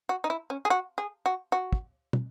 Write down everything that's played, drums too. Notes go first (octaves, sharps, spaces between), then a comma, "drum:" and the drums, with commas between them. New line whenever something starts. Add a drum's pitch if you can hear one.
F#4
D#4
E4
C#4
G#4
F#4
G#4
F#4
F#4
drum: kick
drum: tom